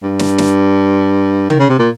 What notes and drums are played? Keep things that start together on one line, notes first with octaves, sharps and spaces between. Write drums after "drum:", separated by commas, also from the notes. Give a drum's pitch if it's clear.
G2
drum: snare
drum: snare
D#3, drum: tom
C#3
C3
A#2